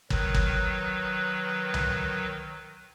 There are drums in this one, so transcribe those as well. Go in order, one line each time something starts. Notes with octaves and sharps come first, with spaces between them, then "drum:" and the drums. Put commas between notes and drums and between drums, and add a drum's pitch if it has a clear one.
D#3 F#3 B4, drum: kick
drum: kick
drum: tom C2